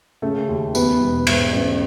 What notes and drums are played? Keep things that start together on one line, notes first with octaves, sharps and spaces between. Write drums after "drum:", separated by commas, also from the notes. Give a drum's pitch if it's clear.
C#3 A3 A4
D#2
D#2 B3 B4, drum: tambourine
E1
G#2, drum: cymbal
A1